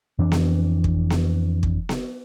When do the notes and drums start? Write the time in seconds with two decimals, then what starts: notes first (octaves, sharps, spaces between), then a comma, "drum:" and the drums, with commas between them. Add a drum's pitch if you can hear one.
0.18 F2 E3 C4 D4
0.32 drum: snare B3
0.84 drum: kick
1.10 drum: snare B3
1.63 drum: kick
1.89 drum: snare B3